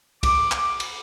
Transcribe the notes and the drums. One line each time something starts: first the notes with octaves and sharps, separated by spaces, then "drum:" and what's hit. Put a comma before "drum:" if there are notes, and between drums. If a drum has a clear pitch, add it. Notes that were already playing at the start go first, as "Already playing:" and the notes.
D6, drum: kick, cymbal
drum: clap
drum: cymbal